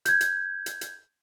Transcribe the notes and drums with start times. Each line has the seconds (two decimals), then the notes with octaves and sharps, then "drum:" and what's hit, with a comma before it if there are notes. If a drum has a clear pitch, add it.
0.05 G6 G#6, drum: hi-hat
0.21 drum: hi-hat
0.66 drum: hi-hat
0.81 drum: hi-hat